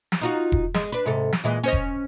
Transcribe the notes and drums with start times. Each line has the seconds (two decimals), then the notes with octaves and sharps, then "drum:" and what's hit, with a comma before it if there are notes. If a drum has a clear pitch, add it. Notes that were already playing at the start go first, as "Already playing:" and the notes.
0.12 drum: snare
0.21 D#4 F4 F#4
0.52 drum: kick E1
0.74 G#3, drum: snare
0.92 D4 B4
1.06 G#2 C3 A4
1.33 drum: snare
1.44 A#2 E3 G#3
1.63 C#4 C5 D#5
1.73 drum: kick E1